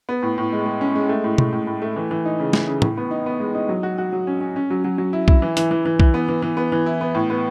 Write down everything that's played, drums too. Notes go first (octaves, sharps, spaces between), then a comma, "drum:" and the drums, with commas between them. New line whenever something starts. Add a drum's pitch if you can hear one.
B3
A2
A2
G#3
G#3
C#4
G#3
A3
A2
A2, drum: tom
A2
A2
A3
E3
E3
D#4
C#3
E3, drum: snare
C#3
A2, drum: tom
B3
D#4
B3
G#3
D#4
F#3
F#4
F#4
F#3
C#4
C#4
C#4
F#3
F#3
F#3
E4
E4, drum: kick B1
E3
E3, drum: hi-hat
E3
E3
E3, drum: kick B1
B3
E3
E3
B3
E3
E4
B3
A2
B3